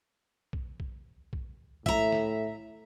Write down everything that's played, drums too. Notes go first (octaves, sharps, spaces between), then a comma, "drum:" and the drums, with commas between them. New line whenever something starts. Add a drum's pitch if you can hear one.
drum: kick B1
drum: kick B1
drum: kick B1
A2 E5 A#5, drum: kick B1
drum: snare